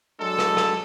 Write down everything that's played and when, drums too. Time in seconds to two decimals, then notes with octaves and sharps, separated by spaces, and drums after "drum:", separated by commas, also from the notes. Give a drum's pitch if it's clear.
0.20 F#3 G#3 D4 A4
0.39 drum: rim click
0.57 drum: rim click